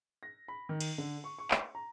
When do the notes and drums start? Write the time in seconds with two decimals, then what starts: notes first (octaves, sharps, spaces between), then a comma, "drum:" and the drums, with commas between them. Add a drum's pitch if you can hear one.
0.23 A#6
0.48 B5
0.69 D#3
0.80 drum: cymbal
0.98 D3
1.24 C#6
1.39 C#6
1.51 drum: clap
1.75 A#5